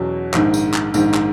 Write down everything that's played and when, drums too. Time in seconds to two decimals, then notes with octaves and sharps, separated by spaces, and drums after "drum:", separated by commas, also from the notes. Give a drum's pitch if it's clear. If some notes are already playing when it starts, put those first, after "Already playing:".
Already playing: E2 B2 F#3 C#4 F#4
0.34 A#1 G#2 D#3, drum: clap
0.54 drum: tambourine
0.74 drum: clap
0.94 A#1 G#2 D#3, drum: tambourine
1.14 drum: clap